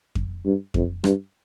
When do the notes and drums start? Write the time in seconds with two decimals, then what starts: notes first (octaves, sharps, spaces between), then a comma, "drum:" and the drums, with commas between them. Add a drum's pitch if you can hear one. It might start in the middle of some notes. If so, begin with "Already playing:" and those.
0.15 drum: kick F2
0.45 G2
0.74 F2, drum: kick F2
1.04 G2, drum: rim click